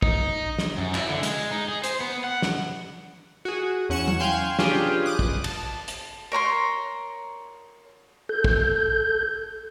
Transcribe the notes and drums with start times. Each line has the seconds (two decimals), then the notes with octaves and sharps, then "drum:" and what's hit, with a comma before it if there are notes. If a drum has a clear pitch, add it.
0.02 D#4, drum: kick
0.58 drum: snare
0.78 F#2
0.94 E4, drum: clap
1.09 D3
1.23 G#3, drum: hi-hat
1.51 D#4
1.68 G#4
1.84 C5, drum: hi-hat
2.00 B3
2.24 F#5
2.42 drum: snare
3.45 F#4 G#4
3.89 E2 C#4 F#5 C#6 C#7 E7
4.08 drum: tom
4.19 F5 G5 G#5 C6 E7
4.59 C#4 D4 F4 G4 G#4 B4, drum: snare
5.06 D6 D#6 F#6
5.19 drum: kick
5.44 A5, drum: cymbal
5.88 drum: hi-hat
6.32 A#4 C#5 A#5 C6
8.29 A4 G6
8.44 drum: kick